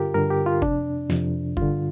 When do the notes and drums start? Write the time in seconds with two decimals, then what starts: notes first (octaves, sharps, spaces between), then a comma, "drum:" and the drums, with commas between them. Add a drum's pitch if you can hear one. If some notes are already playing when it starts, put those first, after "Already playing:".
Already playing: G2 D3 F4 G4 A#4
0.14 G2 D3 A#4
0.30 G4
0.46 F4
0.62 F2 C3 D4, drum: kick F#1
1.10 F2 C3, drum: snare
1.57 G2 D3 F4, drum: kick F#1